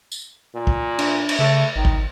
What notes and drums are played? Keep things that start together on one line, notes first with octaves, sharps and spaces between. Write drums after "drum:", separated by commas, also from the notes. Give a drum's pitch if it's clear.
drum: tambourine
A#2
drum: kick
D4, drum: cymbal
drum: cymbal
C#3 A3
G#1 D#3
drum: kick